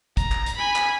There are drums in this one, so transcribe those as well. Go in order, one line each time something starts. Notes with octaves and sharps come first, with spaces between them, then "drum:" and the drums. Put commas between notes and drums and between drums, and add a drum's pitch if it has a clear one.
A#5, drum: kick, hi-hat
drum: clap
drum: hi-hat
G#5 B5
drum: clap